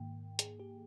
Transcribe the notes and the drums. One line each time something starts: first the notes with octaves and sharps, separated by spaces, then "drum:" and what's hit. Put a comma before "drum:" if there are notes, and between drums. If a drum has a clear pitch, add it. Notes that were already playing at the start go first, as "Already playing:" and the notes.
Already playing: G#2 D#3 A#3 G5
G#4, drum: hi-hat
G4